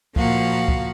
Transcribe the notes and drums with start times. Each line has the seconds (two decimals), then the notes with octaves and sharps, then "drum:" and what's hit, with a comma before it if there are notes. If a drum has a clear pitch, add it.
0.16 A#2 F3 A#3 F#4 F5, drum: kick
0.68 drum: kick